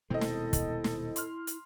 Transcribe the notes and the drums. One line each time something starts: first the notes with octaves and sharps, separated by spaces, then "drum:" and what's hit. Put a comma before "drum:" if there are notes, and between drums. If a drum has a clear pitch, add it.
D#1 B2 G#3 C4 E4 A4 D#5
drum: snare
drum: kick, hi-hat
drum: snare
C6 F6, drum: hi-hat
drum: hi-hat